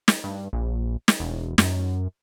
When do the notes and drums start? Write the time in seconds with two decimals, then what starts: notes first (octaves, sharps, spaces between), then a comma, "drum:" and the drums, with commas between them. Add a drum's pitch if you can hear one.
0.08 drum: snare
0.24 G2
0.53 A#1
1.08 drum: snare
1.20 E1
1.58 F#2, drum: snare